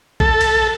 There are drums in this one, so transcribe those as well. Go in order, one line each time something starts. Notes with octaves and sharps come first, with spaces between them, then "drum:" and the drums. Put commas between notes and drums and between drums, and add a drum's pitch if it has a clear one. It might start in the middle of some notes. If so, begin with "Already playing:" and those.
A4, drum: kick A#1
drum: cymbal